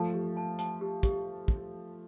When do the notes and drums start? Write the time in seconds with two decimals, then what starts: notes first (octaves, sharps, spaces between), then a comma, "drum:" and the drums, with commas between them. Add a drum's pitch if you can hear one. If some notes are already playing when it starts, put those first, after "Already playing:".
Already playing: F3 A3 A5
0.14 G4
0.37 A5
0.59 A5, drum: hi-hat
0.81 G4
1.03 G4, drum: kick, hi-hat
1.48 drum: kick